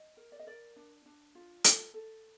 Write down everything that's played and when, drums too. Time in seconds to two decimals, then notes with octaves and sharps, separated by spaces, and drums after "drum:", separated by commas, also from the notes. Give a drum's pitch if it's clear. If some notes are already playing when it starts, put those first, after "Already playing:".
Already playing: D#5
0.17 A#4
0.32 D5
0.39 D#5
0.47 A#4 D5
0.76 D4
1.06 D4
1.35 F4
1.64 A4, drum: hi-hat
1.94 A4